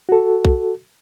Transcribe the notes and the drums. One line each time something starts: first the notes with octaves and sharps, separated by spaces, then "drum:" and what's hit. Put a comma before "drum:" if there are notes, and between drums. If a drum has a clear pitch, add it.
F#4 A4
drum: kick B1